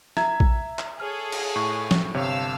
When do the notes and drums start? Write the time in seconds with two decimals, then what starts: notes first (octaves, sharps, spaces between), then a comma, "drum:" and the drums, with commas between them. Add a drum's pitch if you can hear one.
0.17 E5 A#5 G#6, drum: rim click
0.40 drum: kick
0.79 drum: clap
1.00 G#4 A4 C#5 F6
1.32 drum: cymbal
1.56 A2 C#6
1.91 drum: snare
2.14 G1 C3 C#5 F5 A5 E6